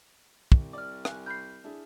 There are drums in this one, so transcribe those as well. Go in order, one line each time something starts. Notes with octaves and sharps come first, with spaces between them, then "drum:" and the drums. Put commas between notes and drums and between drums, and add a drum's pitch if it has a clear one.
C2, drum: kick
D5 D6 F6
G#5 F#6, drum: rim click
B5 F6 G6 C7
D4 E4 G#4